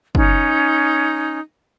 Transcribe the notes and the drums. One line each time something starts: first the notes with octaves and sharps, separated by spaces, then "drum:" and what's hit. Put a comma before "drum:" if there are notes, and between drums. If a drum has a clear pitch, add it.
C#4 D#4, drum: kick